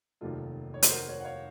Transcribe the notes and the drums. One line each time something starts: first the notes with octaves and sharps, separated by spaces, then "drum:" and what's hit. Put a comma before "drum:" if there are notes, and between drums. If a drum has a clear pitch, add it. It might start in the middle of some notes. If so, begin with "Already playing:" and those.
F1 D#2 D#3 F#3 F4 A4
C#5
C5, drum: hi-hat
F#4 A#4
A#4 C#5
F#5
C#5 F5